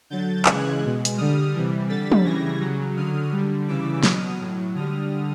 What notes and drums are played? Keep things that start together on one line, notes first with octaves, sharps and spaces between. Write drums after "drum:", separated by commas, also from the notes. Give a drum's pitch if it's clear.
D3 F#3 G6 A6
C#3 E3 G#3 F#6 G#6, drum: clap
B2 G#3
drum: hi-hat
D3 G3 D#6 F6
C3 E3 G3
D3 G3 A6 B6
drum: tom
C#3 E3 G3 G#6 A#6
C#3 F#3
D3 F#3 D#6 F6
D3 G3
C#3 E3 G3 D6 E6
B2 F#3 D#6 F6, drum: snare
A2 F#3
D3 G3 D#6 F6